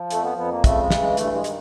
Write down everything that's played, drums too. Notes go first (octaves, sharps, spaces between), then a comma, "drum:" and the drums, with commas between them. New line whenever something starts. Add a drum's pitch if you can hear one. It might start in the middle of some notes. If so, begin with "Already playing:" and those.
Already playing: F3
F2 A3, drum: hi-hat
B3
F2 B3
A#3
C#3 A3, drum: kick, hi-hat
G#3
E3, drum: snare
G#3
G2 A3, drum: hi-hat
G#3
D#3, drum: hi-hat